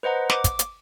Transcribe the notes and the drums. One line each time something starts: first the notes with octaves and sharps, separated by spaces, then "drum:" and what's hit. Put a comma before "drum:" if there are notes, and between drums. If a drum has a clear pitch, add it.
B4 C5 D#5 F#5 A#5
D6, drum: snare
drum: kick, hi-hat
drum: hi-hat